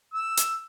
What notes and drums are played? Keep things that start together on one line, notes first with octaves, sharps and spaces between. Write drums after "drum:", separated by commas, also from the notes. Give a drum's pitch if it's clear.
E6
drum: hi-hat